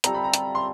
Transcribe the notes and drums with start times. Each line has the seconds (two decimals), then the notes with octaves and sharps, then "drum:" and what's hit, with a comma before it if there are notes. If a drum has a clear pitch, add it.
0.04 G3 C4 F4 A4 A#5, drum: hi-hat
0.14 B5
0.24 A#5
0.34 drum: hi-hat
0.55 C6